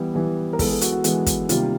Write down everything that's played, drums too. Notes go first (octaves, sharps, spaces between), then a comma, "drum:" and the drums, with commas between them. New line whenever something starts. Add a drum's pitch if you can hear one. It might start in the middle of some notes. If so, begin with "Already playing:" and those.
Already playing: E3 G3 B3
E3 G3 B3
A#4
E3 G#3 B3 A4, drum: kick, open hi-hat
G#4
F#4, drum: hi-hat
F#4
E3 G#3 B3, drum: hi-hat
drum: kick, hi-hat
C3 D#3 G3 A#3 F4, drum: hi-hat